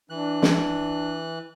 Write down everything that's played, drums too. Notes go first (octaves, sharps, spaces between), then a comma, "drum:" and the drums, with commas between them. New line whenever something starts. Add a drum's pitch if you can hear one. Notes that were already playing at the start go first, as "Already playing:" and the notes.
E3 D4 F#6
drum: snare